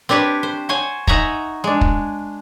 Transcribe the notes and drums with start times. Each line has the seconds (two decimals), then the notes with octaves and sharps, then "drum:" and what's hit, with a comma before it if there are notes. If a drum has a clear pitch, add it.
0.09 C4 D4 G4 B4 C#5
0.43 C5
0.69 F#4 C5 C#5 G#5
1.07 D#4 F#4 E5 F#5 G#5 A#5, drum: kick
1.64 G#3 D4
1.81 drum: kick